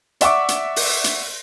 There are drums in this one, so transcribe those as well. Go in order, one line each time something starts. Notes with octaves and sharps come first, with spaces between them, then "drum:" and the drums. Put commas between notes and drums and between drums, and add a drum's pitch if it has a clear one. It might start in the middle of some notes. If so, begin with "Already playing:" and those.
D5 E5 F#5 C#6 D6, drum: hi-hat
drum: hi-hat
drum: open hi-hat
drum: hi-hat